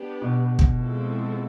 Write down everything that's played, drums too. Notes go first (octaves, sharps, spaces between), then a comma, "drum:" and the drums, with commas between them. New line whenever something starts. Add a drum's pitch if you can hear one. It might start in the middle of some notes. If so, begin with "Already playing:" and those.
Already playing: B3 D4 G4 B4
B2
drum: kick
F3 G#3 C4 E4 A4